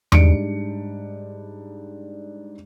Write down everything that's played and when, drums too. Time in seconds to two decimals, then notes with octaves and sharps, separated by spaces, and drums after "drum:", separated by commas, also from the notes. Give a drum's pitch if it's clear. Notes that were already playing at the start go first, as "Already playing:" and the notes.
0.12 G#2 G3 D4 C#7 D7, drum: tom E2